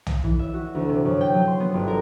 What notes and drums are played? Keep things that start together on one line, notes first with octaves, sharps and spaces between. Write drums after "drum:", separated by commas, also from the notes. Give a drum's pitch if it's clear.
drum: tom
E3
E5
F#4
D2
C3
F#2
G5
F#3
C6
B3
G1
A#4